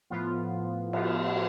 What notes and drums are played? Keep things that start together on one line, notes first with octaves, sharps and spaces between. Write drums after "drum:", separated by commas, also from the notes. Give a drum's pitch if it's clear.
A2 F3 B3 F4
A2 F3 B3 F4, drum: cymbal
drum: cymbal